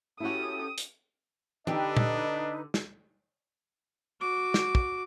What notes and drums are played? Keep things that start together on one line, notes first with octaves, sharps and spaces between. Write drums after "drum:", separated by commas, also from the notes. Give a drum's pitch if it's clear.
C#4 E4 F#4 G4 A4 D#6
drum: hi-hat
D3 D4 D#4 G4 B4 D#5, drum: tom
drum: tom A#2
drum: snare
F#4 D6
drum: snare
drum: kick